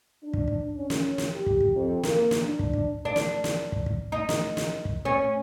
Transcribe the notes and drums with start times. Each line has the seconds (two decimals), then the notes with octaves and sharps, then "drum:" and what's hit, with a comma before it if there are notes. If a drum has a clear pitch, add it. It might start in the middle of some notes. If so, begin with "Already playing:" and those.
0.23 D4
0.33 drum: kick
0.48 drum: kick
0.76 C#4
0.90 drum: snare
1.18 drum: snare
1.34 G4
1.46 drum: kick
1.60 drum: kick
1.75 F2
2.03 A#3, drum: snare
2.31 drum: snare
2.44 D4
2.59 drum: kick
2.73 drum: kick
3.05 D4
3.16 drum: snare
3.44 drum: snare
3.72 drum: kick
3.86 drum: kick
4.12 D#4
4.29 drum: snare
4.57 drum: snare
4.85 drum: kick
5.05 C#4